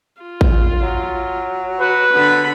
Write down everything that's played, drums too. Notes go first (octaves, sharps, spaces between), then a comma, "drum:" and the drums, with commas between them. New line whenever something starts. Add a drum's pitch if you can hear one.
F4
drum: kick A1
F#3
F#4 B4
D3 B3 B5